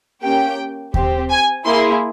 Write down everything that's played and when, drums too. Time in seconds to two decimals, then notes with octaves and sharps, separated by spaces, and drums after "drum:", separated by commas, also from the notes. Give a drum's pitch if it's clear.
0.22 A#3 C#4 G4 G5
0.94 C4 G4, drum: kick D#2
1.30 G#5
1.65 A#3 E4 G#4 C6